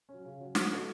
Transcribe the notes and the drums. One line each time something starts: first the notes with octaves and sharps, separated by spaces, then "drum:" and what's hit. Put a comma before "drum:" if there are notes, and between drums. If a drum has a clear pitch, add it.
F#3 C#4
C#3
F#3 C#4
B3, drum: snare
F#4 A4 D#5